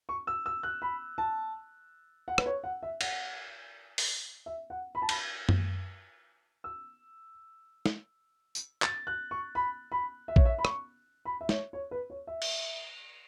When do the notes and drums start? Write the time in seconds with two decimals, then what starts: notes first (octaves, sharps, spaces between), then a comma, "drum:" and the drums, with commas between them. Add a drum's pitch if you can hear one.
0.09 C#6
0.27 E6
0.46 E6
0.63 F#6
0.82 B5
1.18 A5
2.28 F#5
2.38 B4, drum: rim click
2.46 C#5
2.64 F#5
2.83 E5
3.01 F#5, drum: cymbal
3.98 drum: open hi-hat
4.46 E5
4.70 F#5
4.95 B5
5.02 A5
5.09 B5, drum: cymbal
5.49 drum: tom F#2
6.64 E6
7.86 drum: snare
8.55 drum: tambourine
8.82 A6, drum: clap
9.07 F#6
9.31 C#6
9.55 B5
9.92 B5
10.28 E5
10.36 C#5, drum: kick A#1
10.45 E5
10.58 B5
10.65 C#6, drum: rim click
11.25 B5
11.41 E5
11.49 C#5, drum: snare
11.73 C#5
11.91 B4
12.10 C#5
12.27 E5
12.42 drum: cymbal